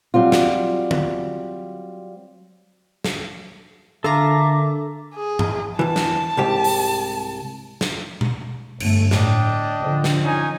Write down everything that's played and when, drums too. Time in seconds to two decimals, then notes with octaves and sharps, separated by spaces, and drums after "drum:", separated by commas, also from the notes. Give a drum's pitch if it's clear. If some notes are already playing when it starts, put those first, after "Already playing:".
0.14 F#3 G3 C4 F4
0.32 drum: snare
0.91 drum: tom
3.04 drum: snare
4.04 D3 F4 A4 A#4 E5 A5 A#5 D6
5.15 G#4
5.39 drum: tom
5.79 E2 E3 A5
5.96 drum: snare
6.37 C2 G#2 G4
6.64 drum: open hi-hat
7.81 drum: snare
8.21 drum: tom B2
8.80 G1 A3, drum: cymbal
9.11 A2 D4 D#5 G5, drum: snare
9.81 D3 F3
10.04 drum: snare
10.23 C#4 D#4 G#5